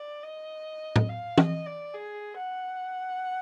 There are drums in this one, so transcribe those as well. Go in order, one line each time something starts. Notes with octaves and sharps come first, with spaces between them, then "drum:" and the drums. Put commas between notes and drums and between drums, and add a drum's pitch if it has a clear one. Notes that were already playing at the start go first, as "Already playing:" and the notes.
Already playing: D5
D#5
drum: tom A2
F5
D#5, drum: tom
D5
G#4
F#5